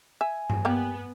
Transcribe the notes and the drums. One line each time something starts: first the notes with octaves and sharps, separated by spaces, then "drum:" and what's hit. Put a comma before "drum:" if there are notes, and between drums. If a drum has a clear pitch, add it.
E5 G#5
drum: tom G2
G3 A#3 B3 G4